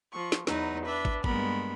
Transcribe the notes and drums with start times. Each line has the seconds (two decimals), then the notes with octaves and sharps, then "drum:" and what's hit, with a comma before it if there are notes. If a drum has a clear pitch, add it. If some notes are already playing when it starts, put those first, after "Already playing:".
0.12 F3 C#6
0.32 drum: snare
0.47 E2 F#3 D#4 B4, drum: snare
0.86 D4 B4 E5
1.05 drum: kick
1.24 G2 G#3 A#3 B3 A#4 B5, drum: kick